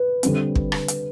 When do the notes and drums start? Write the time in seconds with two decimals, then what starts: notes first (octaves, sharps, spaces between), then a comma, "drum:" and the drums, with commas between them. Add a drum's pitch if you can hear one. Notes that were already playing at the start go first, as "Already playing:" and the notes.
Already playing: B4
0.23 D3 G3 C4, drum: hi-hat
0.55 drum: kick
0.72 drum: rim click
0.88 drum: hi-hat